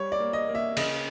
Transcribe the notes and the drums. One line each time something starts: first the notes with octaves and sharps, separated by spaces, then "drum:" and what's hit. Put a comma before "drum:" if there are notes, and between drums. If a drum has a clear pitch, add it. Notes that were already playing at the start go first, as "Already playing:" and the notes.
Already playing: G3 C#5
D5
A#3
D#5
A#3
E5
C#3 D#5, drum: cymbal